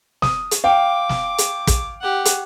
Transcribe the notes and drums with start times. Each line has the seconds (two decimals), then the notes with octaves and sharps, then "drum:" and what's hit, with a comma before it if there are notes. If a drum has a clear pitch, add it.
0.22 D#6, drum: snare
0.51 drum: hi-hat
0.64 F5 G5 D6
1.09 drum: snare
1.38 drum: hi-hat
1.67 drum: kick, hi-hat
2.01 G4 F#5
2.25 drum: hi-hat